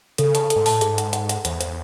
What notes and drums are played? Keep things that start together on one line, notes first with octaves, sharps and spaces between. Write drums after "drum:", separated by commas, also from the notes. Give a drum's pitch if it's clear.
C#3 A4, drum: hi-hat
A5, drum: hi-hat
A4, drum: hi-hat
G#2
A2 A5, drum: open hi-hat
G#2 G#4, drum: hi-hat
F#5, drum: hi-hat
F#5, drum: hi-hat
F#5, drum: hi-hat
E2 C5, drum: hi-hat
C5, drum: hi-hat